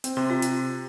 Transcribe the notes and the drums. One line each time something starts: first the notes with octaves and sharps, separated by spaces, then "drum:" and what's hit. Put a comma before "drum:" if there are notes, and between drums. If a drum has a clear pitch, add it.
C4, drum: hi-hat
C3 C6
F4
drum: hi-hat